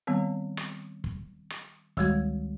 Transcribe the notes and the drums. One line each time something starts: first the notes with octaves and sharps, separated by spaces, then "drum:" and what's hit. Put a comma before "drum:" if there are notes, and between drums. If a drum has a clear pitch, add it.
D#3 G3 B3 C4
drum: rim click
drum: kick
drum: rim click
D2 D#3 G3 G#3 F#4 G#6, drum: kick